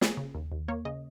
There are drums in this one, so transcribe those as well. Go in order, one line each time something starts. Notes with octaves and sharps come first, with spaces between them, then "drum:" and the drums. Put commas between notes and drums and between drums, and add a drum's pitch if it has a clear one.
A#3 G#4, drum: snare
C#3
D#2
D#2
A#3 C#5
C#3 D#5